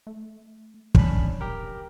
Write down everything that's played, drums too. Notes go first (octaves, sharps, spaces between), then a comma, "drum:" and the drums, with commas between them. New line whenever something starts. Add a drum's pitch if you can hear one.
A3
D1 C#4 D4 B5, drum: kick
G4 A#4